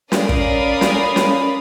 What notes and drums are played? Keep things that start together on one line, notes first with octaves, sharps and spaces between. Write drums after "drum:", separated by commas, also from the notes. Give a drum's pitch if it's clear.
C#4 A#4 D5 F5 B5 D#6, drum: snare
drum: kick
drum: snare
drum: snare